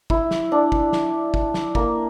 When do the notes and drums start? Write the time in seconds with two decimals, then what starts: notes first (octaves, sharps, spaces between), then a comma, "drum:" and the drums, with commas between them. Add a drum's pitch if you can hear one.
0.10 E4, drum: kick
0.31 drum: snare
0.52 D4
0.72 drum: kick
0.93 drum: snare
1.34 drum: kick
1.54 drum: snare
1.75 A#3, drum: kick